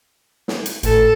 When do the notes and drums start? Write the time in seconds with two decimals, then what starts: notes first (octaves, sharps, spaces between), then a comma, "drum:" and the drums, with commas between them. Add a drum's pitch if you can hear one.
0.48 drum: snare
0.66 drum: hi-hat
0.83 G#1 A2 A4, drum: hi-hat